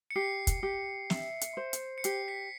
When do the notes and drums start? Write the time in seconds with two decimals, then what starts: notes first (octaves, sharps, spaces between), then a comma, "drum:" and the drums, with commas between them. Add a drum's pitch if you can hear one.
0.11 C#7
0.16 G4 C7
0.47 drum: kick, hi-hat
0.63 G4
1.10 E5, drum: snare
1.41 drum: hi-hat
1.57 C5
1.73 drum: hi-hat
1.98 C#7
2.04 G4 C7, drum: hi-hat
2.28 B6 C#7